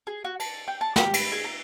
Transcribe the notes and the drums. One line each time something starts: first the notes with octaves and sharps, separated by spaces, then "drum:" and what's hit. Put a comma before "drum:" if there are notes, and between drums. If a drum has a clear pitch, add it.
G#4
F#4
A5, drum: cymbal
G5
A5
G4, drum: snare
B5, drum: cymbal
G#4
A#5